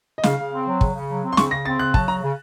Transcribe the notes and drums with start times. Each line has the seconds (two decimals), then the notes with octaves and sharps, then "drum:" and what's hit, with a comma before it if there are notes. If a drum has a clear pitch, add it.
0.18 D#5
0.23 C#3 F5, drum: snare
0.38 C#3
0.53 C4
0.66 F#3
0.81 C#3, drum: kick
0.95 C#3
1.09 F#3
1.23 C4
1.33 C6
1.37 C#3 C#6, drum: snare
1.51 C#3 A#6
1.65 C4 A6
1.79 C#3 F#6
1.94 F#3 A5, drum: kick
2.08 C#3 A#5
2.22 C#3